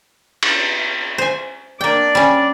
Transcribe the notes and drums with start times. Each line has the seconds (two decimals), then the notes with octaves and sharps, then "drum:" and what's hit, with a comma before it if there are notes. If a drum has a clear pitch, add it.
0.43 drum: cymbal
1.18 C5 G#5
1.81 A#3 D4 D5 G5
2.15 G3 C#4